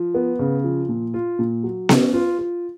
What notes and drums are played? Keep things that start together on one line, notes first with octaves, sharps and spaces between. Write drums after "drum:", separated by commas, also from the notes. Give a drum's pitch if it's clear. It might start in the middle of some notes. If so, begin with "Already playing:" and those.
Already playing: F3
B3
C#3
F3
A#2
F4
A#2
F#3
C#4, drum: snare B3
F4
F4